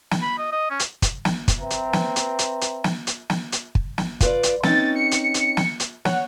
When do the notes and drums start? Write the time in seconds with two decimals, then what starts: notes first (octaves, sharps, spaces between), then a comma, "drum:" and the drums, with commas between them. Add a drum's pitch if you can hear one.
0.11 drum: snare
0.22 B5
0.38 D#5
0.52 D#5
0.70 C#4
0.80 drum: hi-hat
1.02 drum: kick, hi-hat
1.25 drum: snare
1.48 drum: kick, hi-hat
1.60 C4 B4 E5 A#5
1.70 drum: hi-hat
1.93 drum: snare
2.16 drum: hi-hat
2.39 drum: hi-hat
2.61 drum: hi-hat
2.84 drum: snare
3.07 drum: hi-hat
3.30 drum: snare
3.52 drum: hi-hat
3.75 drum: kick
3.98 drum: snare
4.21 F4 B4 D5, drum: kick, hi-hat
4.43 drum: hi-hat
4.63 C4 C#4 D#4 A6, drum: snare
4.96 C#7
5.11 drum: hi-hat
5.34 drum: hi-hat
5.57 drum: snare
5.80 drum: hi-hat
6.05 C#5 F#5, drum: snare